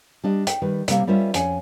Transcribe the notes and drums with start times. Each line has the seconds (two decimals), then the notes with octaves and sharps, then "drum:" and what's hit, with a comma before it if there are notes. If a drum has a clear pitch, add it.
0.24 G3 D4 D#5
0.47 G5, drum: hi-hat
0.62 D#3 G3 B4
0.88 C3 G3 A#3, drum: hi-hat
1.07 G3 C#4 F4 A#4 C5 E5
1.34 F2 C#4 G#5, drum: hi-hat